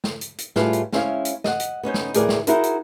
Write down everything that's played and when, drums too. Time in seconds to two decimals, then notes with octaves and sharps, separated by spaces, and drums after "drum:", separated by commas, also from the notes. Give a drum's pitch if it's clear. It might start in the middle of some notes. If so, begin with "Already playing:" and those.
0.04 drum: snare
0.21 drum: hi-hat
0.38 drum: hi-hat
0.56 A2 G3 E4 F4 G#4 B4, drum: snare
0.73 drum: hi-hat
0.93 G#3 C#4 E4 C5 E5 F5, drum: snare
1.25 drum: hi-hat
1.44 D#5 F#5, drum: snare
1.60 drum: hi-hat
1.83 B3 C#4 D#4 C5
1.94 drum: snare
2.14 D2 A2 E3 G#4 A#4 D5, drum: hi-hat
2.29 drum: snare
2.47 D#4 E4 F#4 G#4 A#4 C5, drum: hi-hat
2.63 drum: hi-hat